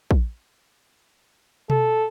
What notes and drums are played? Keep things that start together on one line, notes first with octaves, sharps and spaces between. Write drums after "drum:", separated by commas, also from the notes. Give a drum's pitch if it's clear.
drum: kick
A4, drum: tom B2